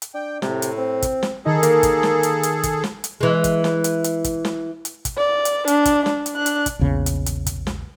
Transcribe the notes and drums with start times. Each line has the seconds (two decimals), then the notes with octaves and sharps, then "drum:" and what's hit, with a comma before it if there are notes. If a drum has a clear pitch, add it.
0.02 drum: hi-hat
0.14 D4 G5
0.42 A2 C3, drum: snare
0.62 drum: hi-hat
0.78 C4
1.02 drum: kick, hi-hat
1.23 drum: snare
1.46 D#3 D#4 G#4 A4
1.63 A#3, drum: hi-hat
1.83 drum: kick, hi-hat
2.03 drum: snare
2.23 drum: hi-hat
2.43 drum: hi-hat
2.63 drum: kick, hi-hat
2.84 drum: snare
3.04 drum: hi-hat
3.21 E3 G#3
3.44 drum: kick, hi-hat
3.64 drum: snare
3.84 drum: hi-hat
4.04 drum: hi-hat
4.24 drum: kick, hi-hat
4.45 drum: snare
4.85 drum: hi-hat
5.05 drum: kick, hi-hat
5.17 D5
5.45 drum: hi-hat
5.67 D4, drum: hi-hat
5.85 drum: kick, hi-hat
6.06 D4, drum: snare
6.26 drum: hi-hat
6.36 D4 F#6
6.46 drum: hi-hat
6.66 drum: kick, hi-hat
6.79 A#1 E2 C#3
7.06 drum: hi-hat
7.26 drum: hi-hat
7.46 drum: kick, hi-hat
7.67 drum: snare